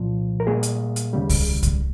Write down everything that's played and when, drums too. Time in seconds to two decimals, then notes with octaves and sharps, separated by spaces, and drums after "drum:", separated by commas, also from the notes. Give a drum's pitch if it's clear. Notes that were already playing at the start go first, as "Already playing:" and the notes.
Already playing: C2 A#2 F3
0.40 A#4
0.46 A#2 G3 A#3 G#4
0.63 drum: hi-hat
0.96 drum: hi-hat
1.13 D#2 C#3 G3
1.29 drum: kick C2, open hi-hat
1.63 drum: kick C2, hi-hat